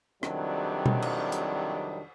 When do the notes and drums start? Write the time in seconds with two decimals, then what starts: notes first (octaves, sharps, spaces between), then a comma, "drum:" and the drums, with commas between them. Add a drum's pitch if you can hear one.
0.23 F2 C3 D#3 F#3 G3 D4, drum: rim click
0.86 drum: tom B2
1.02 drum: cymbal
1.32 drum: hi-hat